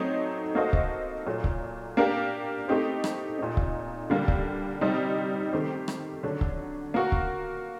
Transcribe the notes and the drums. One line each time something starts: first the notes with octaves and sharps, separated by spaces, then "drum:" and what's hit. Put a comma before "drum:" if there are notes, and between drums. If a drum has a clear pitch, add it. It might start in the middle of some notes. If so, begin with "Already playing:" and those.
Already playing: F#3 A3 C4 D#4
A#3 F#4 A4 C5 D#5
drum: kick C#1
A#2 F#3 A3
drum: kick C#1
A#3 D4 G4 A#4
A3 C4 D#4 G4 C5
drum: rim click
A#2 A3 D#4
drum: kick C#1
D3 G3 A#3
drum: kick C#1
C3 G3 C4 D#4
D#3 A3 C4 G4 C5
drum: rim click
D3 F#3 A3 D4
drum: kick C#1
A#3 F#4 A#4
drum: kick C#1